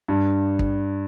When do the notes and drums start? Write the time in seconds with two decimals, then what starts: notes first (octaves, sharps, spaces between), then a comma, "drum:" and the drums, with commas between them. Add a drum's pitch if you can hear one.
0.08 G2
0.59 drum: kick